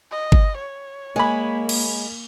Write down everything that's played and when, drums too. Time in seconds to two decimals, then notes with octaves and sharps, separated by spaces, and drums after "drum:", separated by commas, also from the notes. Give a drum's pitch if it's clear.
0.11 D#5
0.32 drum: kick G1
0.59 C#5
1.16 G#3 A#3 G#5 B5
1.69 drum: cymbal